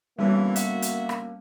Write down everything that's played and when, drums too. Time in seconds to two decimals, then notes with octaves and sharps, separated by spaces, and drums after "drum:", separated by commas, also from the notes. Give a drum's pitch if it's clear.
0.19 B2 D3 E3 G3 A#3 C#4
0.56 F#4 E5, drum: hi-hat
0.82 drum: hi-hat
1.09 drum: rim click